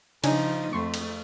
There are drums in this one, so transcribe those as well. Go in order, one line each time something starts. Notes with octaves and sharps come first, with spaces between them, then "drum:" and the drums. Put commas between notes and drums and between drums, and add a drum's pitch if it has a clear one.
C#3 F3 D4 D#4 G#5, drum: cymbal
F2 A3 C6 C#6
drum: cymbal